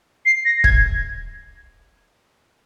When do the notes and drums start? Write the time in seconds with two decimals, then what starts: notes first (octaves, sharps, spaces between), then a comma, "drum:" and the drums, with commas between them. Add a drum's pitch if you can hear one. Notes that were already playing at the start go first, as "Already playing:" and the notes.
0.26 C7
0.45 A#6
0.64 G#6, drum: kick